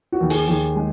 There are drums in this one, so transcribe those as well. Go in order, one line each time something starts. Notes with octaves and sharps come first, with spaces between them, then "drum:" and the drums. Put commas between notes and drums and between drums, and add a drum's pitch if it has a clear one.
F#4
D#2
G#4, drum: open hi-hat
D#2 G#4
G#3